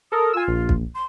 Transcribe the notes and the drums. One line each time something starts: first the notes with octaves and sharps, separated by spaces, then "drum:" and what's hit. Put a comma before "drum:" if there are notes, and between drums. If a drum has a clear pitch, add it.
A4 A#4 D#6
F4 G#5 E6
A#1
drum: kick
C6